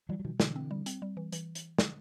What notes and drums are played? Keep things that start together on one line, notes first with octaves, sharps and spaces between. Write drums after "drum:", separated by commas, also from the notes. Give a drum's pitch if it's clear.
E3 F#3 G3
F#3
B2 D#3 F3
B2 D3 E3, drum: snare
C4
G3
C4, drum: hi-hat
G3
E3
E3, drum: hi-hat
drum: hi-hat
drum: snare